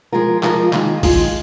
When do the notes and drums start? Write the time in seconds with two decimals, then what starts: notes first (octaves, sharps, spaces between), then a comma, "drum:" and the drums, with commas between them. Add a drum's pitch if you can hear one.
0.12 F3 G#3 F4 A#4
0.43 F3 G#3 F4 A#4, drum: clap
0.73 D#3 G#3 F4, drum: clap
1.03 D#3 G#3 F4, drum: kick, open hi-hat